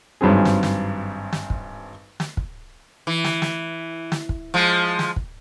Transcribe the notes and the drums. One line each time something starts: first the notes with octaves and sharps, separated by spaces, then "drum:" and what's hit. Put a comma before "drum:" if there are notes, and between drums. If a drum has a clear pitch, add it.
G#1 G2 F#3 C4 G#4
drum: snare
drum: snare
drum: snare
drum: kick
drum: snare
drum: kick
E3
drum: snare
drum: snare
drum: snare
drum: kick
F3 G#3
drum: snare
drum: kick